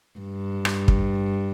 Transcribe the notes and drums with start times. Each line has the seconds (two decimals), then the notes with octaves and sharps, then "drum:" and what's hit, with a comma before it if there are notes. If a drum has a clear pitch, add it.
0.19 G2
0.65 drum: rim click
0.88 drum: kick